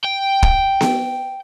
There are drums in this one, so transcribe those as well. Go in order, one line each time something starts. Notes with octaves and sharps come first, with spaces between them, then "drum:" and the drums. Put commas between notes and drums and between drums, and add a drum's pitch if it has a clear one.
G5
drum: kick
drum: snare B3